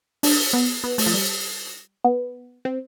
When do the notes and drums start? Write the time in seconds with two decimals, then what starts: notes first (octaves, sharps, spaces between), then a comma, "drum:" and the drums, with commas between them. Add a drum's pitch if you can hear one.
0.23 D4, drum: open hi-hat
0.53 B3
0.84 B3
0.98 A3, drum: open hi-hat
1.06 F3
1.14 G3
2.04 B3
2.65 C4